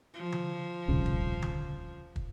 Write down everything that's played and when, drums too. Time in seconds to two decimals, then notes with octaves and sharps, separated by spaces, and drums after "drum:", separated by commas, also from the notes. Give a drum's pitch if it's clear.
0.14 F3
0.32 drum: tom D3
0.88 D#1 C2 C#3
1.06 drum: kick
1.42 drum: tom D3
2.16 drum: kick